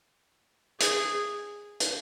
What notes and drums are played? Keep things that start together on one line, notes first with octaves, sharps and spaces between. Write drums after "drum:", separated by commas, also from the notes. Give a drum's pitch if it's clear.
G#4, drum: hi-hat
drum: hi-hat